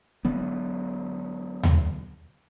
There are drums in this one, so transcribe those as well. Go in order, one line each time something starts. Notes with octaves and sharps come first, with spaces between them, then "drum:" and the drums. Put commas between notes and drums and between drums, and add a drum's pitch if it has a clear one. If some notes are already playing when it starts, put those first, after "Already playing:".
D3 F#3 B3
drum: tom D#2